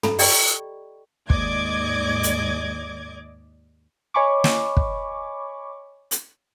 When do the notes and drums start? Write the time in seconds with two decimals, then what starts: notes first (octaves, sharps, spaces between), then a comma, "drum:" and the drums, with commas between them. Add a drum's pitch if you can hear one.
0.03 A4 A#5 B5, drum: tom
0.19 G4 D5 D#5 G5 C#6, drum: open hi-hat
1.30 D#2 G#2 D5 D#5 D6 G#6, drum: kick
2.23 drum: hi-hat
4.14 C#5 D#5 G#5 B5 C#6 D6
4.44 drum: snare
4.77 drum: kick
6.11 drum: hi-hat